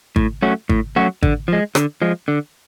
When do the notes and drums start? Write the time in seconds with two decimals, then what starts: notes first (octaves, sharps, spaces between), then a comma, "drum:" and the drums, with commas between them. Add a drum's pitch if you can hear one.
0.16 A2, drum: kick G#1
0.42 F#3 A3 C#4 F#4
0.69 A2, drum: kick G#1
0.96 F#3 A3 C#4 F#4
1.23 D3, drum: kick G#1
1.48 F3 G#3
1.75 D3, drum: rim click
2.02 F3 G#3
2.28 D3